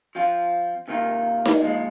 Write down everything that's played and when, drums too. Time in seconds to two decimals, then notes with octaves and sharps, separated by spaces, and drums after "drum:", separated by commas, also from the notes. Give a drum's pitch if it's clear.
0.15 F3 C4 F4
0.88 C3 D#3 A#3 F4
1.45 drum: snare D#4
1.62 A#2 F3 G#3